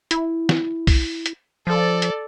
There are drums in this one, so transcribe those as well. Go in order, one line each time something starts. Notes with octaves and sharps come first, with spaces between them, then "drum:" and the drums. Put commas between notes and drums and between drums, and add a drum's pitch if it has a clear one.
E4, drum: hi-hat
drum: snare
drum: kick, open hi-hat
drum: hi-hat
F3 A4 D5
drum: hi-hat